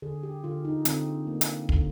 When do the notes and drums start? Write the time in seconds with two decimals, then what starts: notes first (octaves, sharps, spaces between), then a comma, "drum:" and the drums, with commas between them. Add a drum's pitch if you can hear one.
0.02 D3 G#4
0.23 G4
0.44 D3 F4
0.65 D#4
0.85 D3 C4, drum: hi-hat
1.27 A#3
1.41 drum: hi-hat
1.69 D3, drum: kick